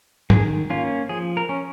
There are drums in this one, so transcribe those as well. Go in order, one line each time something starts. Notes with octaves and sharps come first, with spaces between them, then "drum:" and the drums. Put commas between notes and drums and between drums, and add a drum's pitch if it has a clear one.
D#3 G#4, drum: tom
A#3 C#4 F4
F3 G#4
A#4
C#4